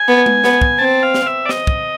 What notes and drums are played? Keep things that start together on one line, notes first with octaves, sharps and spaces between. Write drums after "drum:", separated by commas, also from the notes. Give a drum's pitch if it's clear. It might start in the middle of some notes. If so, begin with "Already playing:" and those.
Already playing: G#5
B3
drum: tom G#3
B3, drum: snare
drum: kick
C4 A5
F5
drum: snare
E5
D5
D#5, drum: snare
drum: kick